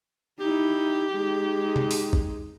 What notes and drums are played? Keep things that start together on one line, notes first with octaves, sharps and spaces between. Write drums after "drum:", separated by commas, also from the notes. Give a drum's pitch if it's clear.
D#4 E4 G4
G#3 D#4
drum: tom C3
drum: open hi-hat
drum: kick A1